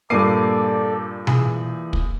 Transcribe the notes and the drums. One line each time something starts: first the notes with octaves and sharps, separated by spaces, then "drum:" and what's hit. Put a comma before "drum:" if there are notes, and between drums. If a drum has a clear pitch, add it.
G2 A#2 A#3 A4 D5 D6 C7 D#7
E3 G#4, drum: tom B2
drum: kick